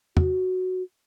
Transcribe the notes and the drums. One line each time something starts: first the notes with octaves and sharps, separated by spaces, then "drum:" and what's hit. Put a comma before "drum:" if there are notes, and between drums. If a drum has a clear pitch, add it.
F#4, drum: tom